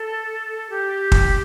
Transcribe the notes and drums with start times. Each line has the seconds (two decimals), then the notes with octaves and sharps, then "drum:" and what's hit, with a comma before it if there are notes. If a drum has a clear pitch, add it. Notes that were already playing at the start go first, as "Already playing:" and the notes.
Already playing: A4
0.70 G4
1.12 drum: kick